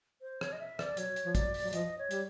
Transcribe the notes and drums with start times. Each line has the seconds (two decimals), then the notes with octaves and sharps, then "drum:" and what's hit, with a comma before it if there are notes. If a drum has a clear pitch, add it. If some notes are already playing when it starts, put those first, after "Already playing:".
0.22 C5
0.41 C#5, drum: rim click
0.52 D#5
0.59 E5
0.79 D5, drum: rim click
0.97 F#3 C#5, drum: hi-hat
1.16 drum: hi-hat
1.25 F3
1.35 F#3 D5, drum: kick, hi-hat
1.54 drum: open hi-hat
1.64 F#3
1.73 F3 D#5, drum: hi-hat
1.99 C#5
2.11 G3, drum: hi-hat